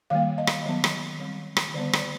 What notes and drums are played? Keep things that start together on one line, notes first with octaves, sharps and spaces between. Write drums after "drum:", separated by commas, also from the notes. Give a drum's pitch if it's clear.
D#3 G3 A#3 F5
D#5
drum: rim click
D#3 F#3 B3
drum: rim click
D#3 G3 C4
drum: rim click
D3 G3 B3 D5
D5, drum: rim click